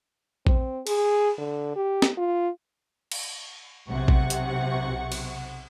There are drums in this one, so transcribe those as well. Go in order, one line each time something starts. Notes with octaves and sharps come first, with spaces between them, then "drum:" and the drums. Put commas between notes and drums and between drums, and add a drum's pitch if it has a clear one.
C4, drum: kick A#1
G#4, drum: cymbal
D3
G4
drum: snare
F4
drum: cymbal
B1 C3 F#5 C#6
drum: kick A#1
drum: hi-hat
drum: cymbal